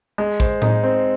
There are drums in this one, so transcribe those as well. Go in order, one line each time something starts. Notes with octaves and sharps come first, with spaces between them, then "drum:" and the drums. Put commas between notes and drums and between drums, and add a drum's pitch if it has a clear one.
G#3
C5, drum: kick
D#4, drum: tom A2
C4